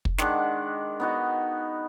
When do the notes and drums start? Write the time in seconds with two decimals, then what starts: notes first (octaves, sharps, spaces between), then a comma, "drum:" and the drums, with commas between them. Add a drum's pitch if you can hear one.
0.05 drum: kick
0.18 D#3 G#3 D4 F#5, drum: snare
1.00 B3 D#4 F#4